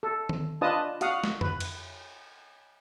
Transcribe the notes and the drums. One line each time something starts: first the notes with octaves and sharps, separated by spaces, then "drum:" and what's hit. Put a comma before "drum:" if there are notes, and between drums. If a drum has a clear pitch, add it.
A4
drum: tom D#3
D4 F4 B4 D#5 A5 D#6
F#4 F5 F#5 D#6, drum: hi-hat
drum: snare
B4, drum: tom F2
drum: cymbal